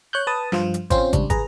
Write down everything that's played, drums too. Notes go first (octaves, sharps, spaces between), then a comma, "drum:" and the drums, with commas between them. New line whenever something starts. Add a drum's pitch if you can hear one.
C#5 F#6 G6
B4 A5 D#6
G2 F3 F4, drum: snare
drum: hi-hat
C4 C#4 F4 C5, drum: kick, hi-hat
C#2 G3 D4, drum: kick, hi-hat
G#4 B4 A#5, drum: kick, hi-hat